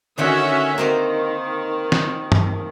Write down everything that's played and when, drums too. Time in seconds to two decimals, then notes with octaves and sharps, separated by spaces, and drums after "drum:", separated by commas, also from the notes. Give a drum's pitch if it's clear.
0.18 D3 D#3 C#4 F#4 E5 F#5
0.78 D#3 A#3 C4 D#4
1.92 drum: snare
2.32 drum: tom G2